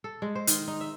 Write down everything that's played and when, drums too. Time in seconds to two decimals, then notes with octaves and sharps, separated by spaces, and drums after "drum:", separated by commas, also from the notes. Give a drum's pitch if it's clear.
0.04 A4
0.22 G#3
0.35 C5
0.47 D#3, drum: hi-hat
0.68 D#4
0.81 E5